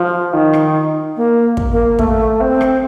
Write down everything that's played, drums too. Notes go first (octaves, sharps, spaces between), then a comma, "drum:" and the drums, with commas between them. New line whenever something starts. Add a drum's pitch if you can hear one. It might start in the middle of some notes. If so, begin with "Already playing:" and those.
Already playing: F3
D#3
drum: rim click
A#3
drum: kick
A#3
A3, drum: kick
C4
drum: rim click